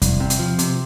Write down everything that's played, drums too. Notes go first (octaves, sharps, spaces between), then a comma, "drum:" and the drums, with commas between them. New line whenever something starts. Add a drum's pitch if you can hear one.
C2, drum: kick E2, hi-hat
C3
drum: hi-hat
F3
C3, drum: hi-hat